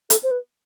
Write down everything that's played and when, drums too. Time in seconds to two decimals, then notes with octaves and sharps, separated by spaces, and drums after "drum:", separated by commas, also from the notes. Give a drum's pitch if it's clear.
0.10 A4, drum: hi-hat
0.23 C5
0.31 B4